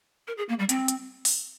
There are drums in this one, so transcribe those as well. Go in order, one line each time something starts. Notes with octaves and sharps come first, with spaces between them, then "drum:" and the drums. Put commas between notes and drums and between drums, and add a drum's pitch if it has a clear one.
A#4
G#4
A#3
G3
C4, drum: hi-hat
drum: hi-hat
drum: open hi-hat